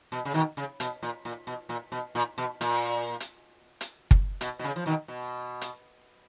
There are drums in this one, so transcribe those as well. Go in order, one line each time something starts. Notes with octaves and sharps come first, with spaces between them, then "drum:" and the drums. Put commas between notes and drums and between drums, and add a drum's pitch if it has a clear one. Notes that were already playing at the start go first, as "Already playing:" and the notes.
B2
C#3
B2 D#3
C#3
B2, drum: hi-hat
A#2
A#2
B2
A#2
B2
A#2
B2
A#2, drum: hi-hat
drum: hi-hat
drum: hi-hat
drum: kick
B2, drum: hi-hat
B2
C#3
F3
B2 D#3
B2
drum: hi-hat